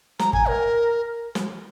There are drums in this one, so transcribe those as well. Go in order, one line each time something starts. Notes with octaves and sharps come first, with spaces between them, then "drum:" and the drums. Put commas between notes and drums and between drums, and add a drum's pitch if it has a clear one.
A#5, drum: snare
G#5, drum: kick
A#4
drum: snare